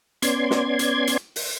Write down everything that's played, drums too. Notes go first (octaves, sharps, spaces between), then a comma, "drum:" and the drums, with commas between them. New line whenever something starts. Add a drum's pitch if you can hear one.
B3 C#4 D5 C6 G#6, drum: hi-hat
drum: snare
drum: hi-hat
drum: hi-hat
drum: open hi-hat